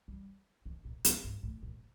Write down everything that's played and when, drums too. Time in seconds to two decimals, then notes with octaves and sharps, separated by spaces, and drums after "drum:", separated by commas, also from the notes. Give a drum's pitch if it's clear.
0.08 G3
0.65 D#3
0.85 A#2
1.05 A2, drum: hi-hat
1.24 G2
1.43 A2
1.63 A#2